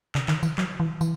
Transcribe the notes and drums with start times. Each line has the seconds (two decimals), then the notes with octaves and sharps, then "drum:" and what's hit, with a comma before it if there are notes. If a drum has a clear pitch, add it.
0.15 C#3, drum: clap
0.28 D#3, drum: clap
0.43 E3, drum: tambourine
0.58 F#3, drum: clap
0.80 E3
1.01 E3, drum: tambourine